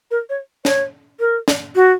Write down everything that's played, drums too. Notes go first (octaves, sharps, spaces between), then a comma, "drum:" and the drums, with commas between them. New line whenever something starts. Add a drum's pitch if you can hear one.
A#4
C#5
C#5, drum: snare
A#4
drum: snare
F#4